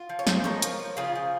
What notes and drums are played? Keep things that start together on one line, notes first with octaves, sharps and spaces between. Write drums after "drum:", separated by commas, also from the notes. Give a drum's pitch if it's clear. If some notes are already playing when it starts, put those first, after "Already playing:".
Already playing: F4
F3
C#5
D#4 G#4 C5, drum: snare
F3 A#4 C#5
F3, drum: hi-hat
F3
C#3 F4 G#4
F3